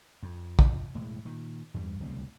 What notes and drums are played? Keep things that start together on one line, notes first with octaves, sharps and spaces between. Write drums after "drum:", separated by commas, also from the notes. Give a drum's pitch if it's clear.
F2
drum: kick
E1 A2 E3 G#3
A#2 D#3
E2 G2 G3
D1 C2 B2